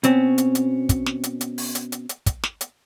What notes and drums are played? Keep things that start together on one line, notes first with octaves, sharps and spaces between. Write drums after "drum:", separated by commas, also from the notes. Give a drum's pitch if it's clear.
B2 C4 C#4, drum: hi-hat
drum: hi-hat
drum: hi-hat
drum: kick, hi-hat
drum: snare
drum: hi-hat
drum: hi-hat
drum: open hi-hat
drum: hi-hat
drum: hi-hat
drum: hi-hat
drum: kick, hi-hat
drum: snare
drum: hi-hat